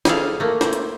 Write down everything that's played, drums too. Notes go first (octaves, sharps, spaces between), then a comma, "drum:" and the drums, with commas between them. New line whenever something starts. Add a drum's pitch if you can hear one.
G3 G#4 A4 F5, drum: snare
A3 A#3
C5, drum: snare
drum: hi-hat